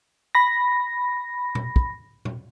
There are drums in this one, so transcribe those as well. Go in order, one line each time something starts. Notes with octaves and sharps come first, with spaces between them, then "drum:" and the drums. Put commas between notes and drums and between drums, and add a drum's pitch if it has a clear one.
B5 A#6
drum: tom A#2
drum: kick
drum: tom A#2